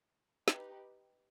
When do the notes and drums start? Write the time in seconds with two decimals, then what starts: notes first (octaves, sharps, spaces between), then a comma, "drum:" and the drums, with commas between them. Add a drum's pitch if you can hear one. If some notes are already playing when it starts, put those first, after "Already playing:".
0.48 D#4 G4 B4, drum: snare